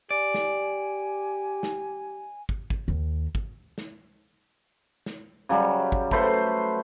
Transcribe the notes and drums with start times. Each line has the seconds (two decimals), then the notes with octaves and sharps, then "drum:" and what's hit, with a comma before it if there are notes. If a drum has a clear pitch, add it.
0.11 G4 D5 G#5
0.34 drum: snare
1.63 drum: snare
2.49 drum: kick
2.70 drum: kick
2.88 D#2
3.35 drum: kick
3.78 drum: snare
5.06 drum: snare
5.49 C#3 F#3 G3
5.92 drum: kick
6.11 A3 B4 C5 B5, drum: kick